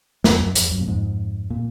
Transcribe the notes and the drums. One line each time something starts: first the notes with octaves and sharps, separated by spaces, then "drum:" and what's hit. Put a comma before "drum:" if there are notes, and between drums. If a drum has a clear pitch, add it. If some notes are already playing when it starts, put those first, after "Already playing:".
F2, drum: snare
F#2
F2, drum: hi-hat
F#2
A#2
F2 G#2
A#2